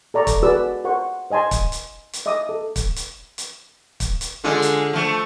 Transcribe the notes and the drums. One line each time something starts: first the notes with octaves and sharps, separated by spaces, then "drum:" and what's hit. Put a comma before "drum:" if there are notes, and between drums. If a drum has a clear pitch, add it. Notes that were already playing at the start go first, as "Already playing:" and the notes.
A4 D5 A#5 C#6
drum: kick, hi-hat
F#4 G#4 B4 D5 E6
A#4 C5 F#5 C#6
C5 D#5 G#5 A5 C6
drum: kick, hi-hat
drum: hi-hat
drum: hi-hat
D#5 E5 D6 D#6
A4
drum: kick, hi-hat
drum: hi-hat
drum: hi-hat
drum: kick, hi-hat
drum: hi-hat
D3 G#3 F4
drum: hi-hat
F3 A3